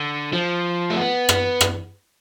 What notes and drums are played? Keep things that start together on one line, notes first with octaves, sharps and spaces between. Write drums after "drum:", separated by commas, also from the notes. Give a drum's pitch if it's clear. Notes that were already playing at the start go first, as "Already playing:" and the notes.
Already playing: D3
F3
A3
B3
drum: rim click
drum: rim click